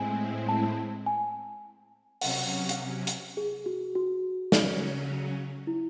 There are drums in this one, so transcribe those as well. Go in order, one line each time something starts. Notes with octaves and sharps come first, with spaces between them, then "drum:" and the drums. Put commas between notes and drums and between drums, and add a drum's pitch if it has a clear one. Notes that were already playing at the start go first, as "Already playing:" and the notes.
Already playing: A2 G#3 C4 E4 G#5
A5
G#5
C3 F#3 C#4 F#5, drum: open hi-hat
drum: hi-hat
drum: hi-hat
G#4
F#4
F#4
C#3 F#3 C#4, drum: snare
E4